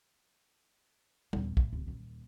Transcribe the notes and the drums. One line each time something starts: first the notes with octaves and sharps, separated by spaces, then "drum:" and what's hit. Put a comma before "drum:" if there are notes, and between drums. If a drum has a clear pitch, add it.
D#1 E2, drum: tom
A2, drum: kick
D1
D#1 D#2